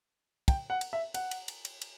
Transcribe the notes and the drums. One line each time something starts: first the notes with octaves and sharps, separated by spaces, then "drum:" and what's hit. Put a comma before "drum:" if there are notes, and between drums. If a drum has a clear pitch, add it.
G5, drum: kick, cymbal
F#5
drum: cymbal
E5
F#5, drum: cymbal
drum: cymbal
drum: cymbal
drum: cymbal
drum: cymbal